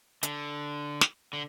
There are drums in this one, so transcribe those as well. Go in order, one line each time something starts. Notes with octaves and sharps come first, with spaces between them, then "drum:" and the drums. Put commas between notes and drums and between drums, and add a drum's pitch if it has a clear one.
D3, drum: hi-hat
drum: snare
D3